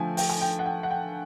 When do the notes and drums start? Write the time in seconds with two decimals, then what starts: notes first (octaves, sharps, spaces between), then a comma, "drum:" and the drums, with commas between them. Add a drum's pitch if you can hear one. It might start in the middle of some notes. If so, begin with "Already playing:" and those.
Already playing: D3 F3 A3 G5 G#5
0.17 G5, drum: open hi-hat
0.29 G#5
0.41 G5
0.59 F#5
0.66 G5
0.83 F#5
0.91 G5